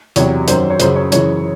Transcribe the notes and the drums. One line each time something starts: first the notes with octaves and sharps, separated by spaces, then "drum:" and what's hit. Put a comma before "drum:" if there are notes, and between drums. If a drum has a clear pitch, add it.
E2 C3 F#3 C#5, drum: hi-hat
F#2 D#3 F#3 C5, drum: hi-hat
C#5
F#2 C#3 F#3 C5, drum: hi-hat
C#5
F#2 C#3 E3 C#5, drum: hi-hat